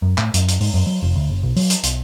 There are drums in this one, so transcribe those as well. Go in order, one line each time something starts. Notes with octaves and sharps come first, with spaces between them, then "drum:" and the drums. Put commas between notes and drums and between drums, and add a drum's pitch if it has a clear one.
F#2
A2, drum: clap
F#2, drum: hi-hat
drum: hi-hat
G#2, drum: open hi-hat
F#2
F#3
F1
D2
F#1
B1
F#3, drum: open hi-hat
drum: hi-hat
B1, drum: hi-hat